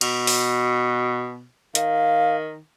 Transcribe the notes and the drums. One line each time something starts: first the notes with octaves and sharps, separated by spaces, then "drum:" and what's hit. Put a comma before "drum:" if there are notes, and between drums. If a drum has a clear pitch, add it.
B2, drum: cymbal
drum: open hi-hat
D#3 F5, drum: hi-hat